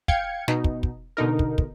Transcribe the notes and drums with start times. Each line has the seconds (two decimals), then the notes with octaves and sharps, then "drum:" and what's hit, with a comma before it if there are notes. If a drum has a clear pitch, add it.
0.08 F5 G5 G#6 C#7, drum: kick
0.48 B2 D#4, drum: snare
0.64 drum: kick
0.83 drum: kick
1.17 B2 D3 D#4 A#4
1.39 drum: kick
1.58 drum: kick